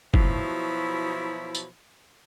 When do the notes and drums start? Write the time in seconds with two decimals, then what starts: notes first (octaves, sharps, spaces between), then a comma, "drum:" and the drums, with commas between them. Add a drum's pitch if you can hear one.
0.14 B2 F3 F#3 E4, drum: kick
1.55 drum: tambourine